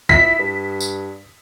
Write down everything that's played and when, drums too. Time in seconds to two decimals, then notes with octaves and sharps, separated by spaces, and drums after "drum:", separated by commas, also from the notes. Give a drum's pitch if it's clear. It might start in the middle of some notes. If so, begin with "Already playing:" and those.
0.09 E4 B6, drum: kick C2
0.39 G2
0.81 drum: tambourine